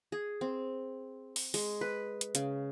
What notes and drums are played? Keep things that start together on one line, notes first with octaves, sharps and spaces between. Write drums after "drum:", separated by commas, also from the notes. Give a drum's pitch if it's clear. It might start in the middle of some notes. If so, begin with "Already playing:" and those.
G#4
C4
drum: open hi-hat
G#3, drum: open hi-hat
B4
drum: hi-hat
C#3, drum: hi-hat